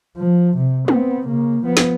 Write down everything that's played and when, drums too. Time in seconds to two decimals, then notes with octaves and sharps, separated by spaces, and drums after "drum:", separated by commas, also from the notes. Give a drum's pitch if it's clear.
0.17 F3
0.57 C3
0.88 B3 C4, drum: tom
1.26 C#3 A#3
1.64 F3 B3
1.77 drum: snare